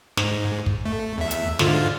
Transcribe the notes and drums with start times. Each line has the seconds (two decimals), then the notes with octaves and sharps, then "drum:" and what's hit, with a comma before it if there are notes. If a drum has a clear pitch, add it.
0.17 G#2, drum: snare
0.66 drum: kick
0.85 A3
1.18 E2 E5
1.31 drum: hi-hat
1.59 G#2 D3 F4, drum: snare